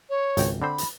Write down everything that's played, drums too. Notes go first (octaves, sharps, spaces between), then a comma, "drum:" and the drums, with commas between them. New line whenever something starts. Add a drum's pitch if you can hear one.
C#5
G#1 C#2 G5, drum: hi-hat
D3 C4 C5 B5
drum: hi-hat